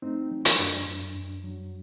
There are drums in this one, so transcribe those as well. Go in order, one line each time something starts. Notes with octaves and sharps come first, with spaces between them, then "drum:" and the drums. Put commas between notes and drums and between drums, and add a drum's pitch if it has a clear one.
A3 C4 D#4
F#3
D4, drum: hi-hat
F#2
F#2
F#2
F#3